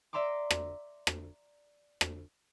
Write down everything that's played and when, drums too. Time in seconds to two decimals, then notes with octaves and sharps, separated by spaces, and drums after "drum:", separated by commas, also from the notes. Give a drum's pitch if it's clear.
0.13 D5 E5 A#5 C6 D6
0.51 drum: rim click
1.07 drum: rim click
2.01 drum: rim click